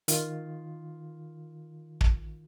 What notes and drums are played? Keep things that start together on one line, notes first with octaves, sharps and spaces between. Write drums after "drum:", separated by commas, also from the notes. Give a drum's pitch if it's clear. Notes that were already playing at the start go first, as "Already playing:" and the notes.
D#3 F4, drum: hi-hat
drum: kick